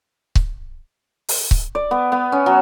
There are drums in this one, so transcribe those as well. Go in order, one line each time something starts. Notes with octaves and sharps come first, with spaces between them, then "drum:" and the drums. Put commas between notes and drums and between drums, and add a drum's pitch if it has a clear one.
drum: kick C#1
drum: open hi-hat
drum: kick C#1
D5
B3
B3
C#4
F#3